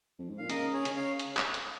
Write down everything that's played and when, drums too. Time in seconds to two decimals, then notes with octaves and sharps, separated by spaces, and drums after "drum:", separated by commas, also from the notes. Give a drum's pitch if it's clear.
0.19 F2
0.29 G#2
0.38 A#2 F5
0.50 C#3 A#4 D#5, drum: hi-hat
0.73 G#4 C#5
0.85 C#3, drum: hi-hat
0.96 C#5 F5
1.19 drum: hi-hat
1.37 drum: clap
1.54 drum: hi-hat